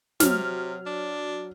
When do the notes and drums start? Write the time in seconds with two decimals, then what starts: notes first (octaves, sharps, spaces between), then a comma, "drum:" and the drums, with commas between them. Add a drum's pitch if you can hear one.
0.20 C3 F#3 F6, drum: snare
0.86 D4